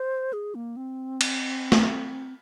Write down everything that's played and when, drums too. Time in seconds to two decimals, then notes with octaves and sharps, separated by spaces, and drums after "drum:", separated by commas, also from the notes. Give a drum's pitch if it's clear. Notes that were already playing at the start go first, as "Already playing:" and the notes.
Already playing: C5
0.33 G#4
0.55 A#3
0.77 C4
1.21 drum: cymbal
1.72 drum: snare